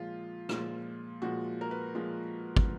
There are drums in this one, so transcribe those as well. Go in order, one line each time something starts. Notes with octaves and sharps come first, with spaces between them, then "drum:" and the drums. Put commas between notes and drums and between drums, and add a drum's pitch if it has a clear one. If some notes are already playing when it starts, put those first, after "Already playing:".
Already playing: A#2 F3 G#3 F4
A#2 F3 G#3, drum: rim click
A#2 F3 G#3 F#4
A#4
B4
A#2 F3 G#3
drum: kick